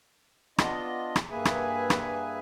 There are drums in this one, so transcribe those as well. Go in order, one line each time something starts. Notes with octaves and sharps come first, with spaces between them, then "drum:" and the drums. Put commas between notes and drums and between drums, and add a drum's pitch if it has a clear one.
B3 D4 F4 D#5, drum: rim click
drum: rim click
G2 A#3 G#4 B4 E5 G#5
drum: rim click
drum: rim click